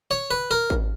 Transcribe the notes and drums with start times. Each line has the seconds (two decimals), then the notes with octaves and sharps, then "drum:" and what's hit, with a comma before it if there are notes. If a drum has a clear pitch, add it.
0.11 C#5
0.31 B4
0.51 A#4
0.70 drum: kick G#1